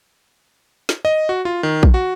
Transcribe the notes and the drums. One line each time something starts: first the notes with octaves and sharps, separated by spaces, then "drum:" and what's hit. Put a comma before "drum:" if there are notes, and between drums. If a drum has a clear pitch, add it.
drum: snare
D#5
F#4
F4
D#3
drum: kick A#1
F#4